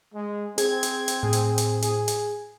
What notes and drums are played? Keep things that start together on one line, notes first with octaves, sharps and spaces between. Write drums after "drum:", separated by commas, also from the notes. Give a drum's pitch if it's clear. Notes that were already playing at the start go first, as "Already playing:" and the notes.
G#3
C4 G#4 G#6, drum: hi-hat
drum: hi-hat
drum: hi-hat
A2 G#4
drum: hi-hat
drum: hi-hat
G#4, drum: hi-hat
drum: hi-hat